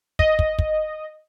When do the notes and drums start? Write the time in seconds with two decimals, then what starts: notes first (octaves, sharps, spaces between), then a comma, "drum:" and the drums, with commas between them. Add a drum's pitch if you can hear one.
0.19 D#5, drum: kick
0.39 drum: kick
0.59 drum: kick